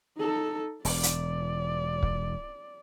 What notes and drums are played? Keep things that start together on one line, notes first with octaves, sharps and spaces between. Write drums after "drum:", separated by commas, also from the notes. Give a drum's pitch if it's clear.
D#4 A4
E1 D5, drum: open hi-hat
drum: hi-hat
drum: kick